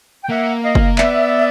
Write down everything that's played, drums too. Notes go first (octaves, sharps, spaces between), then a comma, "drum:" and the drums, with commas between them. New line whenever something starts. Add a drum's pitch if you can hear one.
G5
A#3 E5 F#5
D#5 F5
drum: kick F#1
B3 D5 E5, drum: clap